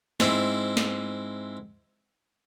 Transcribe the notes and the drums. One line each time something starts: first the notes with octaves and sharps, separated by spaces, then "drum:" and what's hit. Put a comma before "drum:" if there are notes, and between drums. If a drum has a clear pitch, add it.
G#2 C4 E4, drum: snare
drum: snare